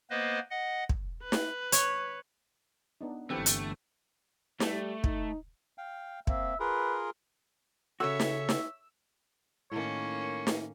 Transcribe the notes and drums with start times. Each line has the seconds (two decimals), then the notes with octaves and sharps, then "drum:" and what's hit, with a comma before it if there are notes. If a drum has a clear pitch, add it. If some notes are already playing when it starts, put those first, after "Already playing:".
0.10 A#3 B3 B4 C5 D#5
0.50 D#5 F#5
0.89 drum: kick
1.23 B4
1.32 drum: snare
1.72 C#5, drum: hi-hat
3.01 B3 D4 D#4
3.30 G1 D3 E3 A3 C4 G4 A4 B4
3.46 drum: hi-hat
4.60 G3 A3, drum: snare
5.04 D#4, drum: kick
5.78 F5 G5
6.27 A#3 C4 E5, drum: kick
6.60 F4 G#4 A#4 B4
8.00 C#3 F#4 A4 C#5 E5 E6
8.20 drum: snare
8.49 drum: snare
9.71 A2 D#3 A#3 C#4 C#5
10.47 drum: snare